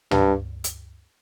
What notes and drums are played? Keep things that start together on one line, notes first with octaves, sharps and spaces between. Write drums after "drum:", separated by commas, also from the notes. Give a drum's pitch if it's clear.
G2, drum: tom
drum: hi-hat